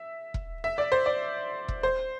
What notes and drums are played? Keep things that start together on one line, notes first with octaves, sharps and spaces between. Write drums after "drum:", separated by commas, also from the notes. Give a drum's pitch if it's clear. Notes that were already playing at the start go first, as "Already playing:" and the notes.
Already playing: E5
drum: kick E1
E5
D5
C5
D5
drum: kick E1
C5